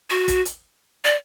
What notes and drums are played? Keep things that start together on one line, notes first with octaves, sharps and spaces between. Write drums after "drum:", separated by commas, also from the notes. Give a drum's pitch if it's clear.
F#4
drum: kick, hi-hat
drum: hi-hat
D5